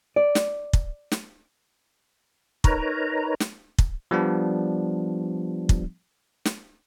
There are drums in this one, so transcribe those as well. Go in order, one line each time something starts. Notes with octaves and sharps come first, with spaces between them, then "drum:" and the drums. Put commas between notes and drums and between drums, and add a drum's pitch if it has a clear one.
D5
drum: snare
drum: kick
drum: snare
D#4 A#4 B4 C#5 A#5, drum: kick
drum: snare
drum: kick
F3 G3 B3 D4
drum: kick
drum: snare